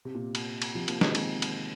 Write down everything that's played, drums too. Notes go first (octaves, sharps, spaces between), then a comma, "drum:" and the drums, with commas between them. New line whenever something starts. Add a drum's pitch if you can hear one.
C3
A#2
drum: cymbal
drum: cymbal
C3 F3
F3 A#3, drum: cymbal
D#3 G#3, drum: snare
G#3 C4, drum: cymbal
drum: cymbal